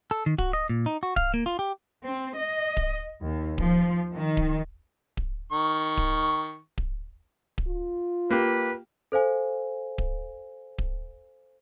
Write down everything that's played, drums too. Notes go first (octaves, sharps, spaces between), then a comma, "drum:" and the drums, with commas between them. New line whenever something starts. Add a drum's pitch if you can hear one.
A4
D#3
F#4, drum: kick D1
D#5
A#2
D#4
F#4
F5, drum: kick D1
A#3
F4
G4
C4
D#5
drum: kick D1
D#2
F3, drum: kick D1
D#3
drum: kick D1
drum: kick D1
D#3 C#6
drum: kick D1
drum: kick D1
drum: kick D1
F4
A#3 G4 B4
A4 C5 F5 G#5
drum: kick D1
drum: kick D1